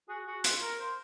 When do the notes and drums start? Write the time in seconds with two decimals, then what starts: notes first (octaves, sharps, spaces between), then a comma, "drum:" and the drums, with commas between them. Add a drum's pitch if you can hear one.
0.09 F#4 G#4
0.27 F#4 G#4
0.44 F4, drum: hi-hat
0.62 A#4
0.80 C5